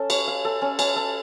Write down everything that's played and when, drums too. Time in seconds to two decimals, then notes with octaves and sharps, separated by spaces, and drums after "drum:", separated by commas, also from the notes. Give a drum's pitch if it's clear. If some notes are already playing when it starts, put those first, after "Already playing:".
Already playing: C#4 A4
0.10 C#5, drum: cymbal
0.28 F5
0.45 A4
0.62 C#4
0.79 C#4, drum: cymbal
0.96 A4